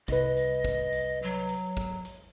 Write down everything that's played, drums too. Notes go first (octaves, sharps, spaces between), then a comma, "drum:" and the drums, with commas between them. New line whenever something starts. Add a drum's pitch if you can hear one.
C2 B4 D#5, drum: kick, hi-hat
drum: hi-hat
drum: kick, hi-hat
drum: hi-hat
F#3, drum: hi-hat
drum: hi-hat
drum: kick, hi-hat
drum: hi-hat